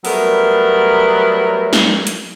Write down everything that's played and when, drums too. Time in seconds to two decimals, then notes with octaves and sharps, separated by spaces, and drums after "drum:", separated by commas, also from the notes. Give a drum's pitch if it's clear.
0.05 F#3 G3 A3 B3 A#4, drum: open hi-hat
1.73 drum: snare
2.07 drum: hi-hat